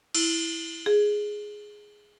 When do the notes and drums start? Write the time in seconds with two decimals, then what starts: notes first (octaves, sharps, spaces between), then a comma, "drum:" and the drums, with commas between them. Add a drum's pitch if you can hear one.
0.15 E4, drum: cymbal
0.86 G#4